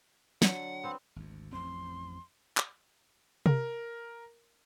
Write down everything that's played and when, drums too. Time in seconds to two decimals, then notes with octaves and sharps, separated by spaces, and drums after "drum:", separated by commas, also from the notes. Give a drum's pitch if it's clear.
0.42 D3 F#3 F#5, drum: snare
0.84 B3 C4
1.16 G#1 D2
1.53 A1 F2 C4 C6
2.57 drum: clap
3.46 A#4, drum: tom C3